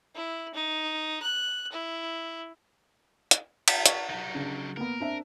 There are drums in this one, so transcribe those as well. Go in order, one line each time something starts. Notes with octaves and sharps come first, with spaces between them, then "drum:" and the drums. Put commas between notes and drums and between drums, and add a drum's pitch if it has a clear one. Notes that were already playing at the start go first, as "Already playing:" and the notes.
E4
D#4
F#6
E4
drum: hi-hat
drum: cymbal
C#6, drum: hi-hat
F#3 D#4
C#3 D4
A#3 B3 A#4
C4 D4 E5